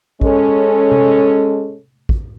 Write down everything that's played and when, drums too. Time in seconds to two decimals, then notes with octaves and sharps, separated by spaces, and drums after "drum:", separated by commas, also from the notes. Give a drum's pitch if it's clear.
0.21 G#3 C#4 A4, drum: kick
0.92 drum: tom C3
2.09 drum: kick